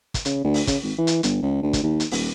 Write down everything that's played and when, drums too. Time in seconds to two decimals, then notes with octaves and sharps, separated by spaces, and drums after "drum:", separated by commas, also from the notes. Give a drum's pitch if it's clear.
0.14 drum: kick, hi-hat
0.25 C#3, drum: hi-hat
0.44 D2
0.54 drum: open hi-hat
0.67 C#3, drum: kick, hi-hat
0.83 G#1
0.98 E3
1.07 drum: hi-hat
1.23 G1, drum: hi-hat
1.42 C#2
1.62 D2
1.73 drum: kick, hi-hat
1.83 D#2
2.00 drum: hi-hat
2.11 D#1, drum: open hi-hat